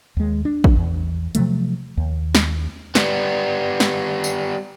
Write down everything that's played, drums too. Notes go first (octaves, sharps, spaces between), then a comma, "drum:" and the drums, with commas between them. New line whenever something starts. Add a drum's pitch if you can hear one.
D#2 G#3
D4
drum: kick A1
E2
C3 F3 F#3 A3, drum: hi-hat
D#2
drum: snare
G3 B3, drum: snare
drum: snare
drum: tambourine